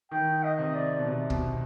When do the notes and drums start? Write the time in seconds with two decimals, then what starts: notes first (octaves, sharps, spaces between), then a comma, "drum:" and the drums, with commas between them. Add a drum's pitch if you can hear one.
0.11 D#3 G5
0.44 D#5
0.59 C3
0.74 D5
0.98 B2
1.06 C3
1.30 B2, drum: kick